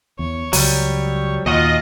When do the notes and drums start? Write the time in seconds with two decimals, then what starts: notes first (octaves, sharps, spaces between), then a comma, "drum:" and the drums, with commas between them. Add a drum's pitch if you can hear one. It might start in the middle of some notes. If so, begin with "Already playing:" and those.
0.19 E2 C#5
0.53 C#2 F#3 G3, drum: open hi-hat
1.46 D#2 A#2 F4 F#4 D#5